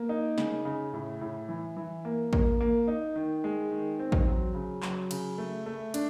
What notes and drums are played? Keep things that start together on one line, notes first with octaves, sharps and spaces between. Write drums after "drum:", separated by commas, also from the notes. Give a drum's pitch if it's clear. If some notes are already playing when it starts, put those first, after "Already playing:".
Already playing: A#3
D#4
C#3, drum: snare
C#3
A2
A2
E3
E3
A#3
A#3, drum: kick A1
A#3
D#4
D#3
G#3
D#3
C4
drum: kick A1
F#3
C#3
F#3, drum: clap
C#3, drum: cymbal
A3
A3
D4, drum: cymbal